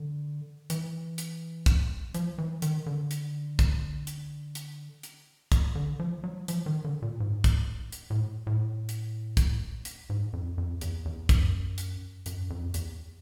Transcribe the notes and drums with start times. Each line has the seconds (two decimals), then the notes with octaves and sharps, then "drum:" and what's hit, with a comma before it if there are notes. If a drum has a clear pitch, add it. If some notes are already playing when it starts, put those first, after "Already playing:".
Already playing: D3
0.70 E3, drum: hi-hat
1.18 drum: hi-hat
1.66 drum: kick, hi-hat
2.14 F3, drum: hi-hat
2.38 E3
2.62 D#3, drum: hi-hat
2.86 D3
3.11 drum: hi-hat
3.59 drum: kick, hi-hat
4.07 drum: hi-hat
4.55 drum: hi-hat
5.03 drum: hi-hat
5.52 drum: kick, hi-hat
5.75 D3
5.99 F3
6.24 F#3
6.48 F3, drum: hi-hat
6.66 D#3
6.85 D3
7.02 A#2
7.20 G#2
7.44 drum: kick, hi-hat
7.92 drum: hi-hat
8.10 A2
8.47 A2
8.89 drum: hi-hat
9.37 drum: kick, hi-hat
9.85 drum: hi-hat
10.10 G#2
10.33 F2
10.58 F2
10.81 E2, drum: hi-hat
11.05 E2
11.29 F#2, drum: kick, hi-hat
11.78 drum: hi-hat
12.26 F#2, drum: hi-hat
12.50 F2
12.74 E2, drum: hi-hat